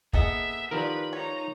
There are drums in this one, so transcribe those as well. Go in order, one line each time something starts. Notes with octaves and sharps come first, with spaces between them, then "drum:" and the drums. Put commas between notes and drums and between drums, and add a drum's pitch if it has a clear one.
A#3 B3 G#4 A4 D#5 E5, drum: kick
D#3 F3 G4 A#4 B4 D5 B5
D#4 C#5 A#5